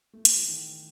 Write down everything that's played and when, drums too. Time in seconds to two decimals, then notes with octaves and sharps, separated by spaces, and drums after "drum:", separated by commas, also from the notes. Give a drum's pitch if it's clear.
0.13 A3
0.25 A3, drum: hi-hat
0.37 E3
0.49 D#3